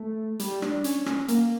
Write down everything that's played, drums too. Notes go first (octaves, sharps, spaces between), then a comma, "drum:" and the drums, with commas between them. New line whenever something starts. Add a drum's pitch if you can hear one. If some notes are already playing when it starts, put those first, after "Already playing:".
Already playing: A3
G3, drum: hi-hat
D4, drum: rim click
C#4, drum: hi-hat
C#4, drum: rim click
A#3, drum: hi-hat